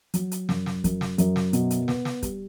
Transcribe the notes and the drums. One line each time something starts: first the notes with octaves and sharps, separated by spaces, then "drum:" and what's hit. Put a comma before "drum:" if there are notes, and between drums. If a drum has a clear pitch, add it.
F#3, drum: hi-hat
drum: hi-hat
F#2, drum: snare
drum: snare
F#2, drum: kick, hi-hat
drum: snare
F#2, drum: hi-hat
drum: snare
B2, drum: hi-hat
drum: hi-hat
B3, drum: snare
drum: snare
G3, drum: kick, hi-hat